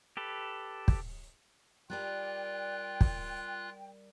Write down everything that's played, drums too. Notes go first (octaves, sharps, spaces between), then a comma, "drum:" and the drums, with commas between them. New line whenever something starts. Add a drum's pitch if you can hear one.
G4 A4 B4
drum: kick
G3 F4 A#4 D5 G5 F#6
drum: kick